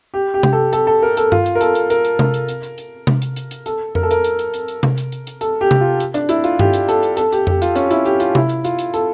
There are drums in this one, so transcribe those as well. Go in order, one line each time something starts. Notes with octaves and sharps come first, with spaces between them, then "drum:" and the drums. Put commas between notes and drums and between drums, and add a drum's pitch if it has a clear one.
G4
G4
drum: tom C3
A4
A4, drum: hi-hat
A4
A#4
A4, drum: hi-hat
F4, drum: tom G2
drum: hi-hat
A#4
A4, drum: hi-hat
drum: hi-hat
A#4, drum: hi-hat
drum: hi-hat
drum: tom C3
drum: hi-hat
drum: hi-hat
drum: hi-hat
drum: hi-hat
drum: tom C3
drum: hi-hat
drum: hi-hat
drum: hi-hat
A4, drum: hi-hat
A#4, drum: tom F2
A4
A#4, drum: hi-hat
drum: hi-hat
drum: hi-hat
drum: hi-hat
drum: hi-hat
drum: tom C3
drum: hi-hat
drum: hi-hat
drum: hi-hat
A4, drum: hi-hat
G4
drum: tom C3
F4
drum: hi-hat
D4, drum: hi-hat
E4, drum: hi-hat
F4, drum: hi-hat
G4, drum: tom G2
drum: hi-hat
A4, drum: hi-hat
drum: hi-hat
A4, drum: hi-hat
G4, drum: hi-hat
G4, drum: tom F2
F4, drum: hi-hat
C#4, drum: hi-hat
E4, drum: hi-hat
G4, drum: hi-hat
F4, drum: hi-hat
E4, drum: tom C3
drum: hi-hat
F4, drum: hi-hat
drum: hi-hat
A4, drum: hi-hat